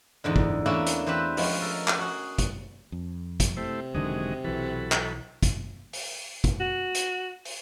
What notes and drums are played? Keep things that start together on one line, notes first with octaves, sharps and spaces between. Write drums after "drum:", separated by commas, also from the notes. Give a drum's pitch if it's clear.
E2 G#2 D3
drum: kick
E3 A3 A#3 C#4 D4 E4
drum: hi-hat
E3 C4 G4 B4 B5
F3 G#3 B3 C#4, drum: open hi-hat
A4 A#4
drum: clap
F#4 G#4
drum: kick, hi-hat
F2
drum: kick, hi-hat
C3 A3 E4 C5
E1 D3 D#3 F#3 G#3 D#5
B1 E3 F#3 A4 B5
drum: clap
drum: kick, hi-hat
drum: open hi-hat
drum: kick, hi-hat
F#4
drum: hi-hat
drum: open hi-hat